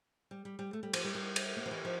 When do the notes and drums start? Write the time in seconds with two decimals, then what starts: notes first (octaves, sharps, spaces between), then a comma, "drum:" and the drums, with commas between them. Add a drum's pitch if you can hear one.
0.31 G3
0.45 G3
0.59 G3
0.73 A3
0.83 G3
0.93 F3, drum: cymbal
1.04 G3
1.15 G3
1.36 drum: cymbal
1.57 A#3
1.66 F3
1.71 E3
1.85 F3